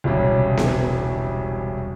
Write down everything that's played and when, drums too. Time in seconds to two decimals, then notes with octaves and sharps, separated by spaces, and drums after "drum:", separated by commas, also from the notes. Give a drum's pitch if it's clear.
0.04 E1 C2 C#3
0.57 drum: snare B3